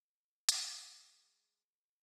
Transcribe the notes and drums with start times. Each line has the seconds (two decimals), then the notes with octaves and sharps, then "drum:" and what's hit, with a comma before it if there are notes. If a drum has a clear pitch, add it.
0.49 G#3 A#5, drum: hi-hat